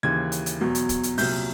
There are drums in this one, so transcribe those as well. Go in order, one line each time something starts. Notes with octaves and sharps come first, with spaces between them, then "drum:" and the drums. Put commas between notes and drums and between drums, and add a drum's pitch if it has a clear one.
D#2 C#3 E3 G#6
drum: hi-hat
drum: hi-hat
E2 B2 F#3
drum: hi-hat
drum: kick, hi-hat
drum: hi-hat
C2 A#2 F#3 G6, drum: open hi-hat